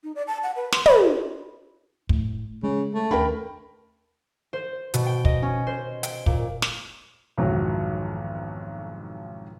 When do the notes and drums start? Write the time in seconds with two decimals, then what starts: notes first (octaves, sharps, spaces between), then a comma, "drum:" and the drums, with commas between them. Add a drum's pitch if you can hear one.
0.04 D#4
0.15 D5
0.27 A5
0.43 F#5
0.56 B4
0.72 C6, drum: snare
0.86 B5, drum: tom
2.09 A2, drum: kick
2.63 C#3 G#3
2.94 A3
3.11 D#2 C#4 D4 A#4 G5 B5
4.53 C5
4.94 B2, drum: hi-hat
5.07 G5
5.25 D#5, drum: kick
5.42 C#4
5.67 C5
6.03 G5, drum: hi-hat
6.26 A#2, drum: kick
6.62 drum: snare
7.38 B1 F2 G#2 D#3 E3 F#3